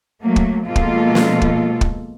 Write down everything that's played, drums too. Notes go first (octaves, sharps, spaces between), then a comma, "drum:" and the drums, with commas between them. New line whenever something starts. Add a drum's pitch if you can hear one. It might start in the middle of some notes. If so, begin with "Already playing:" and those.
F#3 A3 A#3
drum: kick
B2 F3 G#3 A#3 F4 A4
drum: kick
drum: snare
drum: kick
drum: kick